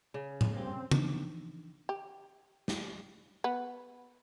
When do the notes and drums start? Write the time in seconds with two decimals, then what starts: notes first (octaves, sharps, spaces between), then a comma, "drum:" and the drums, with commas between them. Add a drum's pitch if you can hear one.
0.14 C#3
0.41 drum: tom A2
0.54 G2 A#3 C4 G4
0.91 E3 F3 D4 D#4, drum: tom
1.89 G4
2.68 drum: snare
3.44 B3